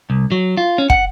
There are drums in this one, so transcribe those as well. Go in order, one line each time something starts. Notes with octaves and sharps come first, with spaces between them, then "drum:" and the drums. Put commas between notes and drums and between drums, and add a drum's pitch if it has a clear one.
C2
F#3
F4
C#4
F#5, drum: kick